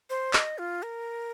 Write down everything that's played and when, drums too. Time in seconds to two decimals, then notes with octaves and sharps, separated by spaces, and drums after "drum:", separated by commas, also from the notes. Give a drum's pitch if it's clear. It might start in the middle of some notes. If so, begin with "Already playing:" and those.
0.10 C5
0.33 D#5, drum: clap
0.58 F4
0.83 A#4